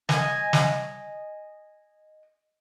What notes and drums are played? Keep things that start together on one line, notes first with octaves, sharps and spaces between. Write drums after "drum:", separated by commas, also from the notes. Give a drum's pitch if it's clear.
D#5 G#5, drum: snare
drum: snare